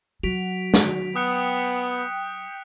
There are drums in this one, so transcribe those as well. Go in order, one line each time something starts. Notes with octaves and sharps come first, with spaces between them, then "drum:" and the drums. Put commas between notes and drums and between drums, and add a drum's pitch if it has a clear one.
F#3 F#4 B6 D7 F7
drum: snare
B3 G5 D#6 F#6 C#7